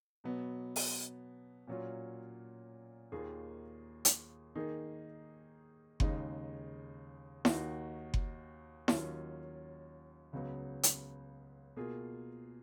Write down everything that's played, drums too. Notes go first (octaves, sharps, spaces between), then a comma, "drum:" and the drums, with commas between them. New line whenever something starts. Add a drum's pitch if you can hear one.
B2 F#3 B3
drum: open hi-hat
A#2 F#3 C#4 F4
D#2 D#3 A#3 F4 G#4
drum: hi-hat
D#3 A#3 D#4 G#4
D#2 C#3 G#3 D#4, drum: kick F#1
D#2 D#3 A#3 D#4 F#4, drum: snare E4
drum: kick F#1
D#2 D#3 F#3 C#4 F4, drum: snare E4
C#2 C#3 F#3 B3
drum: hi-hat
B2 A#3 F4 G#4